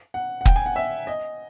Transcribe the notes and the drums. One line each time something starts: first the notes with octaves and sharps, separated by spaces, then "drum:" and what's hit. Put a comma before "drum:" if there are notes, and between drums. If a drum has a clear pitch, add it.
F#5
F#5
G5, drum: kick
G#5
F#5
E5
D#5